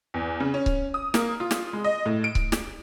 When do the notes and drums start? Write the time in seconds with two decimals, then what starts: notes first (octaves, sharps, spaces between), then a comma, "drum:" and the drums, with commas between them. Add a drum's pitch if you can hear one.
0.14 E2
0.40 C#3
0.54 C#4
0.66 drum: kick C#1
0.94 D#6
1.14 A#3, drum: snare
1.40 F4
1.51 drum: snare
1.73 G#3
1.84 D#5
2.06 A2
2.24 D7
2.35 drum: kick C#1
2.52 drum: snare